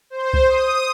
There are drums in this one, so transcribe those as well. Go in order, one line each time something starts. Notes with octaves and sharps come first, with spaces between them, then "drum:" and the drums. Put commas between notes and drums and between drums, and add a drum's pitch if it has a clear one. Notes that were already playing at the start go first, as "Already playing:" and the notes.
C5
drum: kick C2
D#6